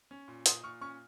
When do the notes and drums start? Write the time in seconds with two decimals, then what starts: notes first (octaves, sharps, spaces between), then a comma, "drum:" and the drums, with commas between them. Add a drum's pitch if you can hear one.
0.11 C#4
0.28 A#2
0.46 A#2 C6 D#6, drum: hi-hat
0.63 A#2 C#6 F6
0.81 C#4 C#6 F6